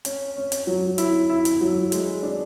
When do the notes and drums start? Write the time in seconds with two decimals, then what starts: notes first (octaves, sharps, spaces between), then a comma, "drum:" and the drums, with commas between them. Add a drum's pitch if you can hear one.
0.05 C#4, drum: hi-hat
0.37 C#4
0.52 drum: hi-hat
0.67 F#3
0.98 E4, drum: hi-hat
1.30 E4
1.45 drum: hi-hat
1.61 F#3
1.92 G#3, drum: hi-hat
2.23 D4